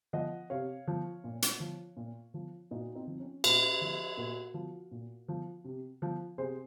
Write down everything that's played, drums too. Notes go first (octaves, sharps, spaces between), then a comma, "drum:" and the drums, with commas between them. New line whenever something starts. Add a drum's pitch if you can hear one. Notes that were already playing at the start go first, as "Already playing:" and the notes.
F3 D#5 F#5
C3 C#5 F5
F3
A#2
drum: hi-hat
F3
A#2
F3
A#2 D#4 F#4
C4 D#4
F3
C#4
A#2 C#4, drum: cymbal
F3
A#2 F#4 A#4
F3
A#2
F3
C3
F3
C3 G#4 C5